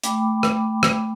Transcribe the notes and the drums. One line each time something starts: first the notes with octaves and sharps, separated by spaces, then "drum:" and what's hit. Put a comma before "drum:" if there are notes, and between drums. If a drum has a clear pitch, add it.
A3 G5 B5 D6, drum: hi-hat
drum: rim click
drum: rim click